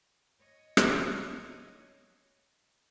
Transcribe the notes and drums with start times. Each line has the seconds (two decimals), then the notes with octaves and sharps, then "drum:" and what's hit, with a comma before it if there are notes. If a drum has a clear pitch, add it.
0.39 C#5 D#5
0.77 drum: rim click